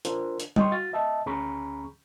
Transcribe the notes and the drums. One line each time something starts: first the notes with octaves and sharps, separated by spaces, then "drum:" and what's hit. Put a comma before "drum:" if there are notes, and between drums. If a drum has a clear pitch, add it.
D4 F4 A#4 C5, drum: hi-hat
drum: hi-hat
D#5 G5 C6 C#6, drum: tom G3
F#4 F5 A6
D#5 E5 A5
D2 C#4 G#4 A#5 B5 C#6